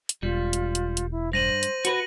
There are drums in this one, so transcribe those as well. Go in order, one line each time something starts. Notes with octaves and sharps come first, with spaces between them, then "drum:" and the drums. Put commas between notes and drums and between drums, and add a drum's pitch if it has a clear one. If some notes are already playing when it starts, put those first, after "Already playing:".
drum: hi-hat
E1 G3 F4
drum: hi-hat
drum: hi-hat
drum: hi-hat
E4
G2 C5 A#6 D#7 F#7
drum: hi-hat
F#4 B4, drum: hi-hat